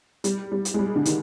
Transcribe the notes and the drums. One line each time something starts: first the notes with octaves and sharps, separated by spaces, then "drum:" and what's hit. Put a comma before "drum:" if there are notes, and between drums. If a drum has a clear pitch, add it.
G3, drum: hi-hat
G3
drum: hi-hat
G#3
G3
D3
D#3, drum: hi-hat